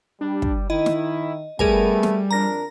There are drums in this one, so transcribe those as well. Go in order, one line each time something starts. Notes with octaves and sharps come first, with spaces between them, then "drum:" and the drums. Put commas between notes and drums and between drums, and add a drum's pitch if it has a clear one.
G3 D4
drum: kick
D#3 E4 D#5
drum: snare
G3 A3 B3 G#4 A#4 G#5, drum: kick
drum: snare
F2 D4 A#4 A#5 A#6